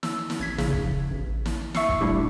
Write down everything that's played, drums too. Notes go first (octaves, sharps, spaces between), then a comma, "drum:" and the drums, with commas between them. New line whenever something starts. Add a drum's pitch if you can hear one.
E6, drum: snare
drum: snare
A1 G#6 B6
A#1 C#3, drum: snare
drum: kick
A1
drum: snare
E5 C#6 E6 C7 C#7, drum: snare
drum: kick
A#2 G3 A3 D4 E4 G4